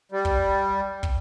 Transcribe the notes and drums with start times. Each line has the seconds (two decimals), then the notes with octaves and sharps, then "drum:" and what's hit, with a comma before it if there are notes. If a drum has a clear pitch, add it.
0.12 G3
0.25 drum: kick
1.03 drum: kick